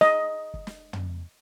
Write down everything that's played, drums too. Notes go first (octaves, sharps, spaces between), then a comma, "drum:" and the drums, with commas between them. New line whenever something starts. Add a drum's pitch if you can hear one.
D#5, drum: snare
drum: kick
drum: snare
drum: tom